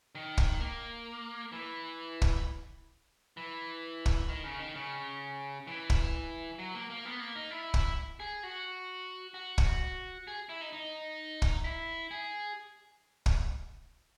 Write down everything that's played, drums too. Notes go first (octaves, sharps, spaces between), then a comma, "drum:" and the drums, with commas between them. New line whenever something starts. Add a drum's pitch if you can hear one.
D#3
drum: kick
A#3
E3
drum: kick
E3
drum: kick
D#3
C#3
D#3
C#3
E3
drum: kick
F#3
A#3
A#3
B3
A#3
D#4
E4
drum: kick
G#4
F#4
F#4
drum: kick
G#4
E4
D#4
D#4
drum: kick
E4
G#4
drum: kick